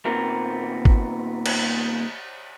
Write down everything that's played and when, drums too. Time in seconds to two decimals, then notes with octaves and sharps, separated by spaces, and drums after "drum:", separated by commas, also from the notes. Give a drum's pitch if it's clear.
0.05 D#2 A#2 B3 C4 A#4
0.85 drum: kick
1.46 drum: cymbal